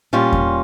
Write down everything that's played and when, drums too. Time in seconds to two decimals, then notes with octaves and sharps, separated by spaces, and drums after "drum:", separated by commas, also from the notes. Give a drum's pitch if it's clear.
0.13 A#2 G3 C#4 F4
0.32 drum: kick E2